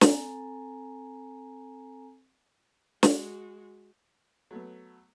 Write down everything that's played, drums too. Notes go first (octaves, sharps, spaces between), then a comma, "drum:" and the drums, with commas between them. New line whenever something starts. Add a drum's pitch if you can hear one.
C4 A4 G#5 A#5, drum: snare
G#3 F#4, drum: snare
F#3 A3 B3